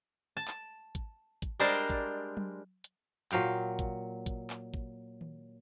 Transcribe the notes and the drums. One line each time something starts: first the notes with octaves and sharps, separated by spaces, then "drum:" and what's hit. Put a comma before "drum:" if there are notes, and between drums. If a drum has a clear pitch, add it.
A5
drum: clap
drum: kick G#1, hi-hat
drum: kick G#1, hi-hat
G3 G#3 D4 A#4 C5 D5
drum: kick G#1
drum: tom F#3
drum: hi-hat
A#2 F#3 F5 G5, drum: clap
drum: kick G#1, hi-hat
drum: kick G#1, hi-hat
drum: clap
drum: kick G#1
drum: tom D#3